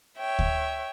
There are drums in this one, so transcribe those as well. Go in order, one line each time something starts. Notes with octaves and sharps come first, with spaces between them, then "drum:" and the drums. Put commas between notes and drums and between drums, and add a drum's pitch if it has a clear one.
C#5 E5 G5
drum: kick D2